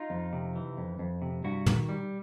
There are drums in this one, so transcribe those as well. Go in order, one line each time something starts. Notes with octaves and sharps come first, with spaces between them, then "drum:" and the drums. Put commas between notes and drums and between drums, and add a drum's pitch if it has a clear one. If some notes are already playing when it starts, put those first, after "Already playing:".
Already playing: D#4 F4
F2
C3
E3
F2
F2
C3
G2 E4 F#4
D#3, drum: tom
G3